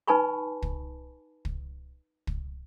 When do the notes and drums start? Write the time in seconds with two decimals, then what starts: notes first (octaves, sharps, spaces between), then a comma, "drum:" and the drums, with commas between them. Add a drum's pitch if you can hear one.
0.08 D#4 B4 G#5 A5 B5 C#6
0.62 drum: kick
1.45 drum: kick
2.27 drum: kick